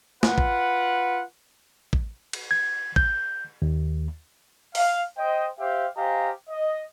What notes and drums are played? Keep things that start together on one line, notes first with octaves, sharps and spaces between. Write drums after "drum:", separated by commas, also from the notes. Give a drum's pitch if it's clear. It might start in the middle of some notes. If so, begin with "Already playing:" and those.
F4 B4 F#5, drum: snare
drum: kick A1
drum: kick A1
drum: cymbal
G#6
G6, drum: kick A1
D#2
F5, drum: open hi-hat
C5 D#5 G5
G4 C5 E5 F5 G5
G4 C5 D#5 F5 G#5 A#5
D#5